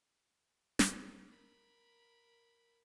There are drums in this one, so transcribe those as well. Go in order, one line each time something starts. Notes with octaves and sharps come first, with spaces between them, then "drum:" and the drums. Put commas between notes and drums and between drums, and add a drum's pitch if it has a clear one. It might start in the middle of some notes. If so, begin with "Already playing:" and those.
drum: snare
A#4 B5